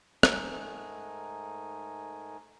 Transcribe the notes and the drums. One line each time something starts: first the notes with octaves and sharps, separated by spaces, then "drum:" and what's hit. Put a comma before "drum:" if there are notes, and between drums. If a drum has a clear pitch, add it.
G#2 A3 D#4 A#4 G#5, drum: rim click